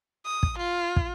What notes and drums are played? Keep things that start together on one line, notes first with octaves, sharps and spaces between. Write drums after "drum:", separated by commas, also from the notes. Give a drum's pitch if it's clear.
D#6
drum: kick
F4
drum: kick